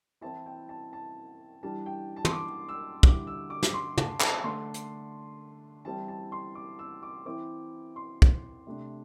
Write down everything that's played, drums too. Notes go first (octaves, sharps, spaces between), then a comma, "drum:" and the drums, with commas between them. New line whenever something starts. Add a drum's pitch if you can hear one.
E3 C4 E4 A5
G5
A5
A5
E3 G3 D4 A5
G5
A5
C6, drum: tom
D6
E6
D3 G3 E4 D6, drum: kick
E6
D6
drum: snare
C6
A5, drum: tom
A5, drum: clap
D3 A3 D4 C6
drum: hi-hat
E3 G3 C4 E4 A5
A5
C6
D6
E6
D6
E3 C4 E4 D6
C6
drum: kick
C3 A3 D4